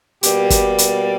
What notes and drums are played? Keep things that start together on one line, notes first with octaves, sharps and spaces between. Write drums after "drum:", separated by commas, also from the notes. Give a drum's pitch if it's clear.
B2 G3 A#3 G4, drum: hi-hat
drum: kick, hi-hat
drum: hi-hat